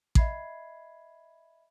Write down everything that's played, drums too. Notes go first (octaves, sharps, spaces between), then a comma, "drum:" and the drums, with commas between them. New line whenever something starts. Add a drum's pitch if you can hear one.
D#5 E5 B5 G#6 C7, drum: kick A1